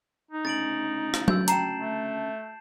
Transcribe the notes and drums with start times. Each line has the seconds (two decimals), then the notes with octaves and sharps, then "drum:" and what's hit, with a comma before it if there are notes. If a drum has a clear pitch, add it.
0.31 D#4
0.45 D2 A#2 C#3 A6 D7 F#7
1.14 drum: rim click
1.28 F#4 E6 G6, drum: tom F#3
1.48 G5 A5 A#5 C7 E7, drum: hi-hat
1.79 A3